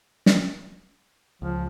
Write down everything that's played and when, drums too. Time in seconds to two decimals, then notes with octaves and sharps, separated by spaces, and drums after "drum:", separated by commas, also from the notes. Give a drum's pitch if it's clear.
0.26 drum: snare
1.42 C#2 F3